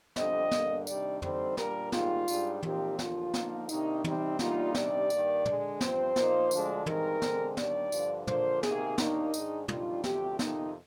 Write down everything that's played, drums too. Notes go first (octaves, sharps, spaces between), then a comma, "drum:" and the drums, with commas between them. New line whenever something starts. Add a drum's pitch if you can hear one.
F2 D3 G3 C4 D#5, drum: snare
G2 D3 G3 A#3, drum: snare
C3 D#3 G3 D4 D5, drum: tambourine
D3 G3 C4 D#4 C5, drum: tom
A#2 G3 D4 A#4, drum: snare
G#2 D#3 G3 A#3 F4, drum: snare
G#2 G3 D4, drum: tambourine
A#2 F3 C4 D#4 G4, drum: tom
D#2 D3 F3 F4, drum: snare
D3 F3 A#3 D#4, drum: snare
C3 D#3 A#3 D4 D#4, drum: tambourine
C3 G3 C4 D#4, drum: tom
D2 D3 G3 A#3 D#4 F4, drum: snare
C3 D#3 G3 D4 D5, drum: snare
G2 D#3 A#3, drum: tambourine
D3 G#3 D4, drum: tom
G2 F3 C4 C5, drum: snare
A#2 F3 A#3 D#4, drum: snare
D2 D3 F3 G#3 D4, drum: tambourine
G2 D#3 G#3 C4 D#4 A#4, drum: tom
D3 G#3 C4, drum: snare
D#2 D#3 G3 D4 D5, drum: snare
G2 D3 F3, drum: tambourine
D3 F3 A#3 D4 C5, drum: tom
C3 D#3 A#3 G#4, drum: snare
D#2 D#3 A#3 D4 D#4, drum: snare
G#2 D#3 G#3 D4, drum: tambourine
F2 D#3 G3 D4 F4, drum: tom
D2 C3 F3 G4, drum: snare
F2 C3 D#3 D#4, drum: snare